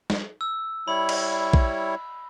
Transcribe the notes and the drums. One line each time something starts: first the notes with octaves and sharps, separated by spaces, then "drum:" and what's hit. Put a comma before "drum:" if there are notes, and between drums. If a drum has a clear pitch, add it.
drum: snare
E6
G3 E4 C#5 B5
drum: cymbal
drum: kick A#1